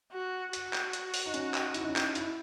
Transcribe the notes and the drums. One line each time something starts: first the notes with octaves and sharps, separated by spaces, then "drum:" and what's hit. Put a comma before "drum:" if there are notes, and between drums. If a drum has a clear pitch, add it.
F#4
F#4, drum: hi-hat
drum: clap
drum: hi-hat
drum: open hi-hat
D#4
C#4, drum: hi-hat
drum: clap
E4, drum: hi-hat
D#4
C#4
D#4, drum: clap
E4, drum: hi-hat